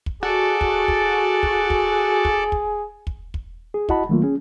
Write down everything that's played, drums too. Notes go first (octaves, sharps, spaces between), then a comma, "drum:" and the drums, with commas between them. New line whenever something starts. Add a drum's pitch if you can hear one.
drum: kick
F#4 G#4 A4 D5
drum: kick
drum: kick
drum: kick
drum: kick
drum: kick
drum: kick
drum: kick
drum: kick
G#4
E4 F#4 D#5 F#5 A5 B5, drum: kick
D#3 F#3 A3 A#3 F4
C#4 G#4